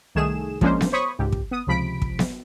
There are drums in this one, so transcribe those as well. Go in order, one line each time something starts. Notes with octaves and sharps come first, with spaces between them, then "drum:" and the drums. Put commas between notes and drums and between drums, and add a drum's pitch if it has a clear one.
C2 D#3 A3 G#4 E7
F3 G#3 A#3 C#4 D4 C5, drum: kick
drum: snare B3
C5 C#5 B5 C#6 D#6
C#2 G#2 G4
drum: kick
B3 D#6
C#2 C3 F3 B5 B6 D7
drum: kick
drum: snare B3